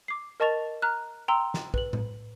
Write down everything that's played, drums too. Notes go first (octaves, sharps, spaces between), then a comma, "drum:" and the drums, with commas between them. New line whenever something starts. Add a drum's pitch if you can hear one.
D6 C7
A#4 D#5 A5 C#6 A6 F7
A#5 F6 F#6
G5 A#5 C6 E6
drum: snare
B4 F#7, drum: kick
drum: tom A2